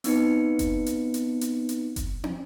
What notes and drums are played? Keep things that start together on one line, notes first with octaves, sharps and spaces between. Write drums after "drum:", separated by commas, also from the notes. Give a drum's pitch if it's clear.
B3 C4 D#4 B4 C#7, drum: open hi-hat
drum: kick F#1, hi-hat
drum: hi-hat
drum: hi-hat
drum: hi-hat
drum: hi-hat
drum: kick F#1, hi-hat
drum: tom